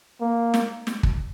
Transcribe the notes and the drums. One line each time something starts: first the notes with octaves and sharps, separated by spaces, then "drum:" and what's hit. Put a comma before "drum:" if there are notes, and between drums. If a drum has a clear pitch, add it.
A#3
drum: snare
drum: snare
drum: kick